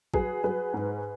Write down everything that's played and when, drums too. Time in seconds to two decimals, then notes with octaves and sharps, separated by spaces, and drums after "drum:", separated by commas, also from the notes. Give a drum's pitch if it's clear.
0.14 F#3 G#4 B4, drum: kick A1
0.44 F#3 G#4 B4
0.74 G#2